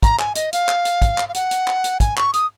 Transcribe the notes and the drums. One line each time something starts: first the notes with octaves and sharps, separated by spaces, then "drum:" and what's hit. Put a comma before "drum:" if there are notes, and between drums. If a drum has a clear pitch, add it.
A#5, drum: kick, hi-hat
G#5, drum: clap
D#5, drum: hi-hat
F5, drum: hi-hat
drum: clap
drum: hi-hat
drum: kick, hi-hat
drum: clap
F5
F#5, drum: hi-hat
drum: hi-hat
drum: clap
drum: hi-hat
G#5, drum: kick, hi-hat
C#6, drum: clap
D#6, drum: hi-hat